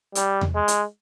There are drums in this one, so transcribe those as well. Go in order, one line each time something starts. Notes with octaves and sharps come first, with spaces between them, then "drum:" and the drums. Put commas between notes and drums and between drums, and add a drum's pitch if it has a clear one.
G3, drum: hi-hat
drum: tom E2
G#3
drum: hi-hat